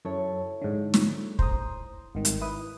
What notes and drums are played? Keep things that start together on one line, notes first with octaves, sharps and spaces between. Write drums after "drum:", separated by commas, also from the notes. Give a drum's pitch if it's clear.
F#2 E4 A4 C#5
G#2 D3
drum: snare
C5 A#5 D#6, drum: kick
G#1 G2 D#3
drum: hi-hat
E4 B4 D#6 D#7